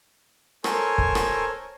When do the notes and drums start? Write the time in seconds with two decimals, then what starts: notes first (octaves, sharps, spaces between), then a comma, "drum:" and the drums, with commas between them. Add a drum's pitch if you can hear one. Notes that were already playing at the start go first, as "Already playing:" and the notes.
0.64 A4 A#4 C5 C#5 G#5, drum: rim click
0.98 drum: kick
1.15 drum: rim click